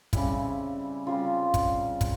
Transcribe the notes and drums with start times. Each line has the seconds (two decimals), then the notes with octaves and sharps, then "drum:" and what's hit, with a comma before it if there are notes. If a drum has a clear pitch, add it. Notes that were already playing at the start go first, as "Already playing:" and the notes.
0.13 C#3 G3 C4 E4, drum: kick, hi-hat
1.07 C#3 G3 C4 F4
1.54 drum: kick, hi-hat
2.01 drum: kick, hi-hat